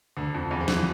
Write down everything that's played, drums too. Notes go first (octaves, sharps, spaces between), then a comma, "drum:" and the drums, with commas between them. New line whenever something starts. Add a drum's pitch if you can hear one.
D2 D3
F2 F3
E2 E3
F3
E2 E3, drum: snare